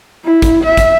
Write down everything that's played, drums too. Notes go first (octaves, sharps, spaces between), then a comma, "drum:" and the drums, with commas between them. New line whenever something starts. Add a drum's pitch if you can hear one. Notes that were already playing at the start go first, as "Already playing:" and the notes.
E4
drum: kick, hi-hat
E5
drum: kick, hi-hat